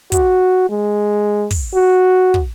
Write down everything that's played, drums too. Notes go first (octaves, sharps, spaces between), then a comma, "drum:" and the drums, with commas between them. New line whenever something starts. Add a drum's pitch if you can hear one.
F#4, drum: kick, hi-hat
G#3
drum: kick, open hi-hat
F#4
drum: kick